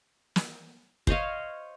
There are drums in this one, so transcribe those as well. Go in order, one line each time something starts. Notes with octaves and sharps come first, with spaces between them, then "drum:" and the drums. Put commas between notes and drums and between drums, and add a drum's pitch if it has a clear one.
drum: snare
C5 C#5 D#5 F5, drum: kick